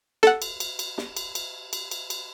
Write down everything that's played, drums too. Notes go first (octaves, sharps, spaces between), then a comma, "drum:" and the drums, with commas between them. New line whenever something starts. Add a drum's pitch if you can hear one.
A4 F#5, drum: snare
drum: cymbal
drum: cymbal
drum: cymbal
drum: snare
drum: cymbal
drum: cymbal
drum: cymbal
drum: cymbal
drum: cymbal